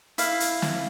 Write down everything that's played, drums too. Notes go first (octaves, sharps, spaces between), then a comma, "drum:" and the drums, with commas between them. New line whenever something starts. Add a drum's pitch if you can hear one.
E4 F5, drum: hi-hat
drum: hi-hat
drum: snare